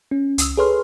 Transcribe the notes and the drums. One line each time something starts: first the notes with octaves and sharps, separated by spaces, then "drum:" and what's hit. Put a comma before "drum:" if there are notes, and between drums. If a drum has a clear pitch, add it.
C#4
C#2 D#6 E6, drum: hi-hat
G#4 A4 B4 C#5 C6 F6